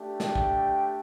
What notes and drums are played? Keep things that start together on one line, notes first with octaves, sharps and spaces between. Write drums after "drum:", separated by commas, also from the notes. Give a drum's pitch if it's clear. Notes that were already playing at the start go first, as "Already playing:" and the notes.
Already playing: A3 D4 G4
G5, drum: snare
drum: kick